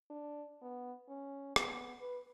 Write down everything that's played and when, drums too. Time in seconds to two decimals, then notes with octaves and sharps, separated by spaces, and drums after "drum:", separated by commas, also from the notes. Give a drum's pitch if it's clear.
0.10 D4
0.62 B3
1.09 C#4
1.56 B3, drum: rim click
2.00 B4